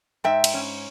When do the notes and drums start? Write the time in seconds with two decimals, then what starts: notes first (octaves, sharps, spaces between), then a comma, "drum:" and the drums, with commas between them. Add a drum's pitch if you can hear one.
0.24 G#2 E5 G5
0.44 drum: cymbal
0.54 C#4